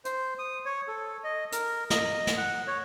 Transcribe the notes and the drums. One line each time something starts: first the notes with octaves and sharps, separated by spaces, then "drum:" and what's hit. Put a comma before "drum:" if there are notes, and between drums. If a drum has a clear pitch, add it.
C5, drum: hi-hat
D#6
C#5
A4
D#5
A#4, drum: hi-hat
D#5, drum: snare
drum: snare
F#5
C#5